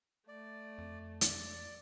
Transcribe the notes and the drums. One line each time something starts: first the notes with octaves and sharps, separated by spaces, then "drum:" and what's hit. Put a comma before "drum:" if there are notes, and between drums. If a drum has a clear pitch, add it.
A3 D5
F2
D5, drum: hi-hat